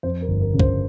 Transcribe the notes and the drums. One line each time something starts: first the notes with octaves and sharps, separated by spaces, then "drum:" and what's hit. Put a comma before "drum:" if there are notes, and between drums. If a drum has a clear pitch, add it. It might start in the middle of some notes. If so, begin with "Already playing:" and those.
F2 C5
A#4
G1
A#4
C#3
C5, drum: kick